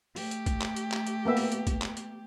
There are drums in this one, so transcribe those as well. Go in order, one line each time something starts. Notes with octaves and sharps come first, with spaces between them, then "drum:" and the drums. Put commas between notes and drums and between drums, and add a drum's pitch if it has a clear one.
A3 G4, drum: open hi-hat
drum: hi-hat
drum: kick, hi-hat
drum: clap
drum: hi-hat
drum: clap
drum: hi-hat
A#3 B3 E5
drum: open hi-hat
drum: hi-hat
drum: kick, hi-hat
drum: clap
drum: hi-hat